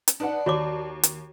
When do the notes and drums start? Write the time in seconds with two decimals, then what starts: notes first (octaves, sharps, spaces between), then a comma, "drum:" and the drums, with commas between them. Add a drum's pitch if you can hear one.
0.08 drum: hi-hat
0.20 D4 D#4 B4 F#5 A5
0.46 D#2 F#4 C#5 D6
1.03 drum: hi-hat